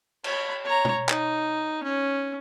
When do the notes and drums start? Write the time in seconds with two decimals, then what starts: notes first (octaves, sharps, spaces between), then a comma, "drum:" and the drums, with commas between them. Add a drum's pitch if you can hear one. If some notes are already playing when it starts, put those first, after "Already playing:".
0.24 C#5 B5, drum: cymbal
0.64 C#5 A#5
0.85 drum: tom
1.09 D#4, drum: clap
1.83 C#4